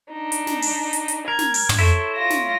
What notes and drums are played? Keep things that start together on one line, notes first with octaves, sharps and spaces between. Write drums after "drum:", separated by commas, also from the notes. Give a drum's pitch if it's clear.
D4 D#4
drum: hi-hat
drum: snare
drum: open hi-hat
drum: hi-hat
drum: hi-hat
A#4 G#6
drum: snare
drum: open hi-hat
drum: tom
E4 A4 C5 C#5
F4 A#6
drum: snare